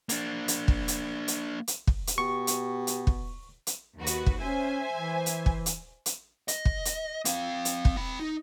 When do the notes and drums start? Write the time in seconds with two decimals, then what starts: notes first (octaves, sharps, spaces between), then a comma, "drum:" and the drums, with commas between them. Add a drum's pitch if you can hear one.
0.09 A#3 D4, drum: hi-hat
0.48 drum: hi-hat
0.68 drum: kick
0.88 drum: hi-hat
1.28 drum: hi-hat
1.68 drum: hi-hat
1.87 drum: kick
2.07 drum: hi-hat
2.18 B2 G4 C#6
2.47 drum: hi-hat
2.87 drum: hi-hat
3.07 drum: kick
3.67 drum: hi-hat
3.97 D#2 F#4 B4
4.07 drum: hi-hat
4.26 drum: kick
4.38 C#4 C5 E5 G#5
4.93 E3
5.26 drum: hi-hat
5.46 drum: kick
5.66 drum: hi-hat
6.06 drum: hi-hat
6.48 D#5, drum: hi-hat
6.65 drum: kick
6.85 drum: hi-hat
7.25 C4 F5, drum: hi-hat
7.65 drum: hi-hat
7.85 drum: kick
7.96 C4 B5
8.20 D#4